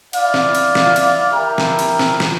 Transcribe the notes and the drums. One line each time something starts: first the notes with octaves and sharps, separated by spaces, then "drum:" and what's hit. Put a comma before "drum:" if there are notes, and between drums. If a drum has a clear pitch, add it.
E4 D5 F5, drum: cymbal
drum: snare
drum: cymbal
drum: snare
drum: cymbal
E4 G4 A#4
drum: snare
drum: cymbal
drum: snare
drum: snare